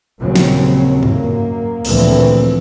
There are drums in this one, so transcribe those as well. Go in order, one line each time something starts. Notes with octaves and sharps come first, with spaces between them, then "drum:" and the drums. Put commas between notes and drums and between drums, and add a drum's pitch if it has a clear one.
D#2 A#2 C#3 F#3 C4
drum: snare
F#2 A#3, drum: tom G2
D2 A#2 E3 F3 A3 C4, drum: cymbal